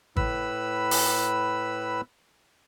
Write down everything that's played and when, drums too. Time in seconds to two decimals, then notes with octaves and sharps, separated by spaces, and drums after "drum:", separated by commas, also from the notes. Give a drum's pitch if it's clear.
0.16 A2 B4 B5 E6, drum: kick G#1
0.91 drum: open hi-hat